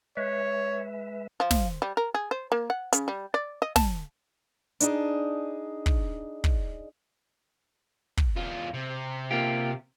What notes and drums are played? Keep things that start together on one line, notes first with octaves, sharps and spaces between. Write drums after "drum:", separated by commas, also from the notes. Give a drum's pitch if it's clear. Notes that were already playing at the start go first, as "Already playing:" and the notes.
G#3 B4 C#5 E5
F3
drum: snare
G3
A#4
G#4
C5
A#3
F#5
C#3, drum: hi-hat
G3
D5
D#5
A5, drum: snare
D4 D#4 G#4, drum: hi-hat
drum: kick
drum: kick
drum: kick
E2 F4
C3
A#3 F4 G4